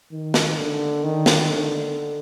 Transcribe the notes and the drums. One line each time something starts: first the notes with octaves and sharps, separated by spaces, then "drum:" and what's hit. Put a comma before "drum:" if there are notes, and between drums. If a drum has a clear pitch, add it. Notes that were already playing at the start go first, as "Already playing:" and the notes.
D#3
drum: snare
D3
D#3
drum: snare
D3